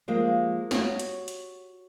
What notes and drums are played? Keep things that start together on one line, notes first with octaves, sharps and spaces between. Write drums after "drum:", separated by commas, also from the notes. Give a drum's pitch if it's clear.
F3 G#3 A#3 G4
F#4 G4 C#5, drum: snare
drum: hi-hat
drum: hi-hat